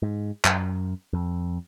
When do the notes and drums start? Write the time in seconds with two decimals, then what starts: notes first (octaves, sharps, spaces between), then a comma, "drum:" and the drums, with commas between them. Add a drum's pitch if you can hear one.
0.02 G#2
0.45 F#2, drum: clap
1.13 F2